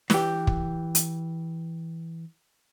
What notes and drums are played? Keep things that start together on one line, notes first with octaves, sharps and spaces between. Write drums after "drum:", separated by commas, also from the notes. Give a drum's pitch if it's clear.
E3 G4, drum: snare
drum: kick
drum: hi-hat